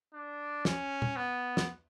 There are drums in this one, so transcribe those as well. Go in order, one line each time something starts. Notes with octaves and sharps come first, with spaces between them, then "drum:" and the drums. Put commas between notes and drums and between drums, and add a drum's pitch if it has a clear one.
D4
C#4, drum: snare
drum: tom A#2
B3
drum: snare